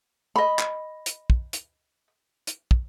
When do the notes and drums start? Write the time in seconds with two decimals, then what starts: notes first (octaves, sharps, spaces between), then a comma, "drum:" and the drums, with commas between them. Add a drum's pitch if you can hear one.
0.36 D#5 B5
0.59 drum: clap
1.06 drum: hi-hat
1.30 drum: kick
1.53 drum: hi-hat
2.47 drum: hi-hat
2.71 drum: kick